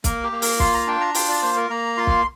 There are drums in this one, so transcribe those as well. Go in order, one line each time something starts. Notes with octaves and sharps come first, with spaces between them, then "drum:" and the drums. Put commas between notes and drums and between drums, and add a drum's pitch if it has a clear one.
A#3 A#4, drum: kick, hi-hat
G4
A#3
A#4, drum: open hi-hat
F4 C6, drum: kick
A#5
D4 G5
A#5
F4 G5, drum: open hi-hat
D5
A#3 C5
A#4
A#3 A#5
F4 C6
drum: kick